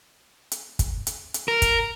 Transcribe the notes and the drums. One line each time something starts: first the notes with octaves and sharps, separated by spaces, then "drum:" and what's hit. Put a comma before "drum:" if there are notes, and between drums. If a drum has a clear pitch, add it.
drum: hi-hat
drum: kick, hi-hat
drum: hi-hat
drum: hi-hat
A#4
drum: kick, hi-hat